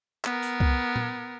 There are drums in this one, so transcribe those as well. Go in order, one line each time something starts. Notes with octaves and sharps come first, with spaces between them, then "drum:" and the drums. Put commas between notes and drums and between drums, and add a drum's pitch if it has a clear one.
B3 A#4, drum: clap
drum: tambourine
drum: kick C2
drum: tom A#2